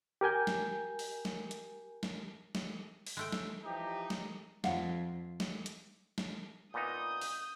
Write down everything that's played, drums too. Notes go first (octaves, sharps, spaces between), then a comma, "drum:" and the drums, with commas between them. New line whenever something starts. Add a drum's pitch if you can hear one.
G4 A#4 G#5 G6
drum: snare
drum: open hi-hat
drum: snare
drum: hi-hat
drum: snare
drum: snare
drum: open hi-hat
G#3 A3 G5
drum: snare
E3 F3 D#4 G4
drum: snare
F2 F5 F#5, drum: snare
drum: snare
drum: hi-hat
drum: snare
A#2 B3 D#4 D#6 G6
drum: open hi-hat